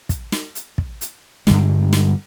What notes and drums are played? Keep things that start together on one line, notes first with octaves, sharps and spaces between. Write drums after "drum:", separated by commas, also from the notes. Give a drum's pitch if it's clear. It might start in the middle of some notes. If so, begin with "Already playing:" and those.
drum: kick, hi-hat
drum: snare
drum: hi-hat
drum: kick
drum: hi-hat
G2 D3 G3 G#3, drum: snare
drum: snare